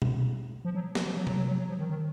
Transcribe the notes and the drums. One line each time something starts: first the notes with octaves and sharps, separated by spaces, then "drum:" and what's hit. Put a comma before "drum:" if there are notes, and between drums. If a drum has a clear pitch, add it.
drum: tom B2
F3
F#3
F#3, drum: snare
F3
F#3
F#3, drum: tom C3
F#3
F#3
F#3
F3
D#3
D#3